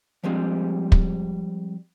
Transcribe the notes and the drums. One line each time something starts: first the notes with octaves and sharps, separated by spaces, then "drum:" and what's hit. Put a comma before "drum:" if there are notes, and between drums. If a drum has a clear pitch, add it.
F3 G3 G#3 C4
drum: kick